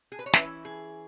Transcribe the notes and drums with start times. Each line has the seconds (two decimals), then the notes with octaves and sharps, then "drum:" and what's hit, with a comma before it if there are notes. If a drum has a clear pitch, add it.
0.12 G#4
0.19 B4
0.26 C#5
0.33 E3 C#4 E4 B4 E5, drum: snare
0.65 G#4